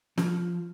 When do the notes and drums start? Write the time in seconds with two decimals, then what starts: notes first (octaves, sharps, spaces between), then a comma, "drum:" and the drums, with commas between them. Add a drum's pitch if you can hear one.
0.18 F3, drum: snare